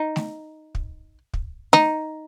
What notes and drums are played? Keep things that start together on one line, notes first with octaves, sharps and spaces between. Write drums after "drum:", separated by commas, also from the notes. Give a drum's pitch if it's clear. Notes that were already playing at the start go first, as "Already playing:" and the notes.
Already playing: D#4
drum: snare A3
drum: kick
drum: kick
D#4, drum: snare A3